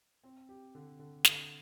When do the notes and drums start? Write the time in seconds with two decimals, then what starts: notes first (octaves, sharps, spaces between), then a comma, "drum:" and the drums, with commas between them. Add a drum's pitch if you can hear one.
0.23 C4
0.49 G4
0.75 D3
0.99 D3
1.25 D3, drum: snare